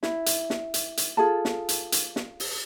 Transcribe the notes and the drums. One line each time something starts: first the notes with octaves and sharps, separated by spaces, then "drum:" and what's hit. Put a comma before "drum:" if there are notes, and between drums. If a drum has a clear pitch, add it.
E4, drum: snare
drum: hi-hat
drum: snare
drum: hi-hat
drum: hi-hat
F4 G#4 A4 A5
drum: snare
drum: hi-hat
drum: hi-hat
drum: snare
drum: open hi-hat